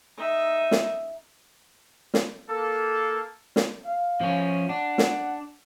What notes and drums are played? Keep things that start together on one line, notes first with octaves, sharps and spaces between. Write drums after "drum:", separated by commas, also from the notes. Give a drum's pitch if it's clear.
D#4 E5
drum: snare
drum: snare
A#3 A4
drum: snare
F5
F3 C#4
D4 F#5
drum: snare